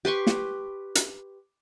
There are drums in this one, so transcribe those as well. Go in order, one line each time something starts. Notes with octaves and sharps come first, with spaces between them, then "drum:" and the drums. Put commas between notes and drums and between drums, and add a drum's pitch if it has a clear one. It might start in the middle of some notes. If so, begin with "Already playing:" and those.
G4 B4 C6 C#6
drum: snare
drum: hi-hat